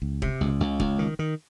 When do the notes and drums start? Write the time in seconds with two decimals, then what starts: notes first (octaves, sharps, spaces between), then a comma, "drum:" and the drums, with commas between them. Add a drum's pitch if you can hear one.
0.02 C#2
0.22 C3, drum: kick
0.41 C#2
0.60 C#2
0.80 C#2, drum: kick
0.99 D#3
1.19 D#3